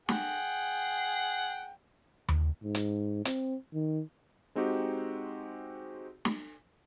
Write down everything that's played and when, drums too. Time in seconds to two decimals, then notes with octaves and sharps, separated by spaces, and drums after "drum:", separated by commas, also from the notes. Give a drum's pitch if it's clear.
0.09 G#4 F#5 G5, drum: snare
2.28 drum: tom D#2
2.63 G#2
2.75 drum: hi-hat
3.25 C4, drum: hi-hat
3.74 D#3
4.55 G#3 C4 D#4 F#4 G4
6.25 drum: snare